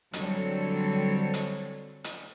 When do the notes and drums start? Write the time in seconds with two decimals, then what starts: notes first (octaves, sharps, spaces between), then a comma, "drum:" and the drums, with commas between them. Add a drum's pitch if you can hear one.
0.13 D3 F#3 G3 C4 A4 C#5, drum: hi-hat
1.34 drum: hi-hat
2.04 drum: hi-hat